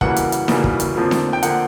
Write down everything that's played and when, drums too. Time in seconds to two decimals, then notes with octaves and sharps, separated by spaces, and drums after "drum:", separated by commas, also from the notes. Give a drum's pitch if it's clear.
0.01 F#2 C#3 E3 G3 A#3 F#5, drum: kick
0.16 drum: hi-hat
0.32 drum: hi-hat
0.48 F#2 C#3 E3 G3 A#3, drum: snare D#4
0.64 drum: kick
0.80 drum: hi-hat
0.96 F2 D3 F3 A#3
1.11 drum: snare D#4
1.33 G5
1.43 D3 F3 A#3 F#5, drum: hi-hat